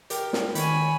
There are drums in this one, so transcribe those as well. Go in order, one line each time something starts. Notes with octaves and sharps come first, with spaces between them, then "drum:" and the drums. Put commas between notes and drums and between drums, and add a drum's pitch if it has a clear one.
G4 A#4 G5, drum: hi-hat
drum: snare
D#3 C#5 G#5 B5, drum: hi-hat